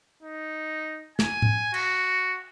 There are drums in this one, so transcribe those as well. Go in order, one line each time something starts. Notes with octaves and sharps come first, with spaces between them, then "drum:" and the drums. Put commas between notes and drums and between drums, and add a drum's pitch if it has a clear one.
D#4
G#5, drum: snare
drum: tom A2
F#4, drum: cymbal